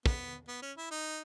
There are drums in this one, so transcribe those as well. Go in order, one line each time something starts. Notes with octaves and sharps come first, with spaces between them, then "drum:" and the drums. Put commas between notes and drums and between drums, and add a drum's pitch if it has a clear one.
B3, drum: kick
B3
C#4
E4
D#4